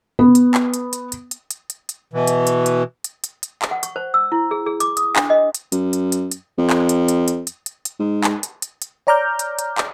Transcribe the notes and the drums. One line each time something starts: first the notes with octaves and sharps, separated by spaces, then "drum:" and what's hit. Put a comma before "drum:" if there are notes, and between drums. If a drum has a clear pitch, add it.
B3
drum: hi-hat
drum: clap
drum: hi-hat
drum: hi-hat
drum: hi-hat
drum: hi-hat
drum: hi-hat
drum: hi-hat
drum: hi-hat
B2 E3
drum: hi-hat
drum: hi-hat
drum: hi-hat
drum: hi-hat
drum: hi-hat
drum: hi-hat
drum: clap
F#5
C#6, drum: hi-hat
C5
E6
E4
G#4
G#4
D6, drum: hi-hat
D#6, drum: hi-hat
D4, drum: clap
D#5
drum: hi-hat
F#2, drum: hi-hat
drum: hi-hat
drum: hi-hat
drum: hi-hat
F2
drum: clap
drum: hi-hat
drum: hi-hat
drum: hi-hat
drum: hi-hat
drum: hi-hat
drum: hi-hat
G#2
drum: clap
drum: hi-hat
drum: hi-hat
drum: hi-hat
C#5 D5 A#5 D6 F6 G6
drum: hi-hat
drum: hi-hat
drum: clap